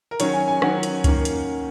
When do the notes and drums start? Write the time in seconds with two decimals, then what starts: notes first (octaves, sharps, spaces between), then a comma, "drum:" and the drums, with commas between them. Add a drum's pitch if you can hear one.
0.11 A#4
0.20 D#3 F#3 C#4 C#5, drum: hi-hat
0.34 G#5
0.48 G#5
0.62 D#3 F#3 C#4 F#5, drum: rim click
0.83 drum: hi-hat
1.04 D#3 A#3 C#4, drum: kick C#2, hi-hat
1.25 drum: hi-hat